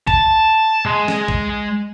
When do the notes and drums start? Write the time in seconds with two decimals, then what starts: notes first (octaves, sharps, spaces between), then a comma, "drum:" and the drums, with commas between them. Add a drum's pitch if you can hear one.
0.07 A5, drum: kick
0.85 G#3
1.08 drum: snare
1.28 drum: kick